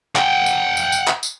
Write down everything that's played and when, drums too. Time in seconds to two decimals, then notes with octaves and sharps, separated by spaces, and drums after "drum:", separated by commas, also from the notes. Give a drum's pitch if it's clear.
0.16 F#5 G5, drum: clap
0.46 drum: tambourine
0.77 drum: tambourine
0.92 drum: tambourine
1.08 drum: clap
1.23 drum: tambourine